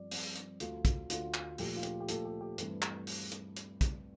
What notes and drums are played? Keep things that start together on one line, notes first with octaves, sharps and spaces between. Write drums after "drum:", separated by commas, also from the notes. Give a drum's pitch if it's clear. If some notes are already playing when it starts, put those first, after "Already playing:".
Already playing: G2 F3 C4 D5
G2 F3 C4, drum: open hi-hat
drum: hi-hat
D2 D3 A3 F4, drum: hi-hat
drum: kick, hi-hat
D2 D3 A3 F4, drum: hi-hat
drum: clap
A#2 F3 A3 G4, drum: open hi-hat
F4
G4, drum: hi-hat
G4
A#2 F3 A3 A4, drum: hi-hat
G4
G4
G2 E3 A3 C4, drum: hi-hat
drum: clap
drum: open hi-hat
drum: hi-hat
drum: hi-hat
drum: kick, hi-hat